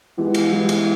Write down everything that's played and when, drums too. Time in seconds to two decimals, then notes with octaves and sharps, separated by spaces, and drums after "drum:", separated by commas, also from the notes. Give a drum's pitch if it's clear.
0.17 E3 G#3 B3 E4 G4
0.34 drum: cymbal
0.52 E3 G#3 B3 E4 G4
0.69 drum: cymbal